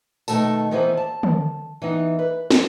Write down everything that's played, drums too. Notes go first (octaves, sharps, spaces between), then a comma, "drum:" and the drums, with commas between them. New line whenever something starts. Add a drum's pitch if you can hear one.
B2 D#3 A3 A4 A5, drum: tambourine
D#3 E3 B3 E4 G#4 C5
A5
drum: tom
E3 B3 D#4
B4
F#3, drum: snare